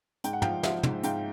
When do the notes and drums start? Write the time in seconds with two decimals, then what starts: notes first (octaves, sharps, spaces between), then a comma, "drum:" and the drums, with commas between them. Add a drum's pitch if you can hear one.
0.24 G#2 G5, drum: hi-hat
0.33 F#5
0.42 F3 F5 G5, drum: tom
0.63 F3 E5 F#5, drum: snare
0.83 G#2, drum: tom
1.03 G#2 F5 G5, drum: hi-hat